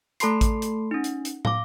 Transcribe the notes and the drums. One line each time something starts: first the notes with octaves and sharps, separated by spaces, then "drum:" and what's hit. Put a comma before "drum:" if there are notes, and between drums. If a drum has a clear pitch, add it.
A3 A4 A5 B5 C6 C7, drum: hi-hat
drum: kick, hi-hat
drum: hi-hat
C#4 D#4
drum: hi-hat
drum: hi-hat
F5 D6, drum: tom